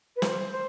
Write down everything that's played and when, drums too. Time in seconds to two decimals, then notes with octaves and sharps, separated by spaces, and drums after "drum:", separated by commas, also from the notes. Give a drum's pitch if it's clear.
0.16 B4
0.22 C5, drum: snare
0.52 C5